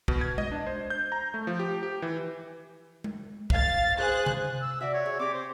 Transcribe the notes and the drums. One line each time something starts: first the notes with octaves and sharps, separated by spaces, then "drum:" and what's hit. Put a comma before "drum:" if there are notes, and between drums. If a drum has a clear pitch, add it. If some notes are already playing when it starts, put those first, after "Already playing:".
B2, drum: kick
G#6
D#5, drum: tom G#3
D4
C5
G6
A#5
A3
F3
G4
G4
E3
drum: tom G#3
F5 A6, drum: kick
G#4 C5 F#6
drum: tom C3
E6
F#4 D5 E5
C#5
G#4
C4 G4 D6
C5